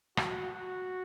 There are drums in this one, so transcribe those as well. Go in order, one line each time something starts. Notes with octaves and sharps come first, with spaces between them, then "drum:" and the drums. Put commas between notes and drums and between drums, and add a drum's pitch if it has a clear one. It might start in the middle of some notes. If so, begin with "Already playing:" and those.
F#4, drum: rim click
F#4